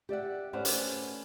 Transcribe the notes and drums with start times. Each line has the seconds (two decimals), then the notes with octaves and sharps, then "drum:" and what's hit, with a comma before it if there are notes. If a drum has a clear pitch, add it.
0.09 G4 D5 E5 F#5
0.53 A3 C#4 B4 C5 D5 F#5
0.65 drum: hi-hat